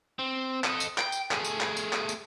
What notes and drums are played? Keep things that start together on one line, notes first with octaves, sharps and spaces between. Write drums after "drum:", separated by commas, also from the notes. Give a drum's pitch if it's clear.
C4
A4 D#5, drum: clap
drum: tambourine
G5, drum: clap
drum: tambourine
A3 G#4, drum: clap
drum: tambourine
drum: clap
drum: tambourine
drum: clap
drum: tambourine